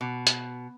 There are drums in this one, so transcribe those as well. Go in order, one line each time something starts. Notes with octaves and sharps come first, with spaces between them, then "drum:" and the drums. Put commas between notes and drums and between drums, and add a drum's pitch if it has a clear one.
B2
drum: hi-hat